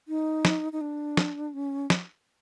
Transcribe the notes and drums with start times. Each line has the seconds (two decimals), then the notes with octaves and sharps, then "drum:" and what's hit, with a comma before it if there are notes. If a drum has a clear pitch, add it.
0.08 D#4
0.45 drum: snare
0.73 D#4
0.81 D4
1.17 drum: snare
1.54 C#4
1.90 drum: snare